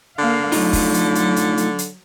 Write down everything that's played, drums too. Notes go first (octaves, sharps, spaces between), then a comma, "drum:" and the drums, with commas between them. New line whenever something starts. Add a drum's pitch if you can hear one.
D3 A#3 F5
F#3 A3 D#4 F4, drum: open hi-hat
drum: kick, open hi-hat
drum: hi-hat
drum: hi-hat
drum: hi-hat
drum: hi-hat
drum: hi-hat